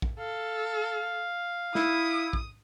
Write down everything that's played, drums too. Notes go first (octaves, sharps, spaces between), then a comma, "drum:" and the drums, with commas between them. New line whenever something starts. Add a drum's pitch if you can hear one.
drum: kick
A4 F5
E4 D#6, drum: snare
drum: kick